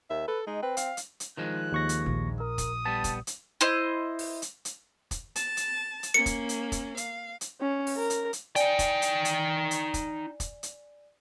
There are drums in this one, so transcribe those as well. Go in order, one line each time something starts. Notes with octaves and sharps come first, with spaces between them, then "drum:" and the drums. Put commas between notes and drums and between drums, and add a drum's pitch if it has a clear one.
D#2 E5
A4 B4
G#3 D#4
C4 B4
F5, drum: hi-hat
drum: hi-hat
drum: hi-hat
D#3 F3 G#3 F#6
D#2 C#6 A#6
drum: hi-hat
A#1
A#4 D#6
drum: kick, hi-hat
G3 B3 A5
drum: kick, hi-hat
drum: hi-hat
E4 C5 D#5
drum: open hi-hat
drum: hi-hat
drum: hi-hat
drum: kick, hi-hat
A5, drum: hi-hat
drum: hi-hat
drum: hi-hat
A#3 C#4 C#7
drum: kick, hi-hat
drum: hi-hat
drum: kick, hi-hat
F5, drum: hi-hat
drum: hi-hat
C#4
drum: open hi-hat
A#4
drum: hi-hat
drum: hi-hat
D#4 D5 G5 G#5, drum: hi-hat
drum: kick, hi-hat
drum: hi-hat
drum: hi-hat
drum: hi-hat
drum: kick, hi-hat
drum: kick, hi-hat
drum: hi-hat